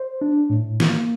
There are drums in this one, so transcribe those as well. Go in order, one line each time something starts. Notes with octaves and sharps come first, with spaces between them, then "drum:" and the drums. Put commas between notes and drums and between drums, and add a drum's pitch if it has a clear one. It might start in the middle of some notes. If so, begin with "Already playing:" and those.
Already playing: C5
D4
A2
A#3, drum: snare